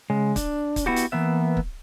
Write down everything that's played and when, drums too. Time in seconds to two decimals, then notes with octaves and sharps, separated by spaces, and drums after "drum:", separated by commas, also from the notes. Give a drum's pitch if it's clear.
0.10 C#3 G#3
0.36 D4, drum: kick, hi-hat
0.76 drum: kick, hi-hat
0.86 B3 E4 F#4 G4
0.96 drum: hi-hat
1.12 E3 A#3 B3 E5
1.57 drum: kick